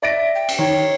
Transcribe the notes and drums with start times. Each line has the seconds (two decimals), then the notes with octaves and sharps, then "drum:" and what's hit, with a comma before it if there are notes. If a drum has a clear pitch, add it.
0.02 D5 E5 A#6 D7
0.35 G5
0.49 drum: cymbal
0.59 D#3 C#5